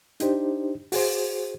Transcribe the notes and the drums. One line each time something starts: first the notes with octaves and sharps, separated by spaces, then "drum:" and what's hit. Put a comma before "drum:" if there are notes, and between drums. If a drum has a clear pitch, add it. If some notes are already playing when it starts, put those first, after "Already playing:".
D4 D#4 G4 C5, drum: hi-hat
F#4 G#4 C5, drum: open hi-hat